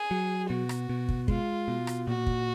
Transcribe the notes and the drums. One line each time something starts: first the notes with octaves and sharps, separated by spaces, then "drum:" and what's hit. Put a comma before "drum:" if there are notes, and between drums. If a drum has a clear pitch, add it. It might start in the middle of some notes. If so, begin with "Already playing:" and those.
Already playing: G#4
F#3
B2 F#4
drum: rim click
B2
drum: kick
G#3 F4, drum: kick
B2
drum: rim click
A#2 F#4
drum: kick